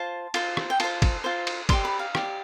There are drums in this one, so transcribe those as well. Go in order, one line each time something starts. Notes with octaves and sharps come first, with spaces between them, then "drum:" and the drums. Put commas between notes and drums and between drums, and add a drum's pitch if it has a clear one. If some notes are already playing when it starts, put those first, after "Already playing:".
Already playing: F4 C5 A5
F4 C5, drum: cymbal
drum: rim click
G5
F4 C5 A5, drum: cymbal
drum: kick, cymbal
F4 C5
drum: cymbal
G4 D5 C6, drum: kick, cymbal
B5
F5
G4 D5, drum: rim click